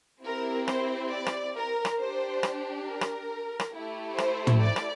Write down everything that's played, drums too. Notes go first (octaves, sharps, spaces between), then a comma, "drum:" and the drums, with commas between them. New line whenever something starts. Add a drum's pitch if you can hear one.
C4 E4 G4 A#4
C5, drum: rim click
D5
drum: rim click
A#4
drum: rim click
D4 G4 C5
drum: rim click
A#4
drum: rim click
drum: rim click
A3 E4 G4
C5, drum: rim click
drum: tom
D5
drum: rim click